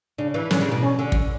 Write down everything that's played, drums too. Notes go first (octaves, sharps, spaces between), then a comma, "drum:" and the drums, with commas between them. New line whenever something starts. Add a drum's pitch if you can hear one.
C#3 D4
E3
D3 C#4, drum: snare
C#3
B2
C#4
D3
drum: kick